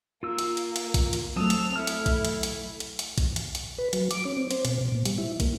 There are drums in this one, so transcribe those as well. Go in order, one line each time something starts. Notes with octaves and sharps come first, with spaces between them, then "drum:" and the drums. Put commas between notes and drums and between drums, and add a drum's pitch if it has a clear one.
A#3 F4 E6
drum: hi-hat
drum: hi-hat
drum: hi-hat
drum: kick, hi-hat
drum: hi-hat
F#3 A3 C4 A5 D#6 E6 F7
drum: hi-hat
E4 A4 F6
drum: hi-hat
drum: kick, hi-hat
drum: hi-hat
drum: hi-hat
drum: hi-hat
drum: hi-hat
drum: kick, hi-hat
drum: hi-hat
drum: hi-hat
B4
F#3, drum: hi-hat
D6, drum: hi-hat
C#4
C4
C5, drum: hi-hat
B2, drum: hi-hat
B2
A#2
G3, drum: hi-hat
E4
A#3, drum: kick, hi-hat